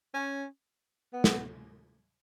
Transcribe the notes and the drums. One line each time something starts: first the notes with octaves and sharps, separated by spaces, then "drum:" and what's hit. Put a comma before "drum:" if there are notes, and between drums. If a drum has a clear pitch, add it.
C#4
B3
drum: snare